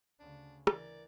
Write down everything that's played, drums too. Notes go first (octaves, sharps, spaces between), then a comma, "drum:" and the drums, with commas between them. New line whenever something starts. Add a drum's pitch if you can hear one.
D2 C#3 D4
E3 A#4 D5, drum: rim click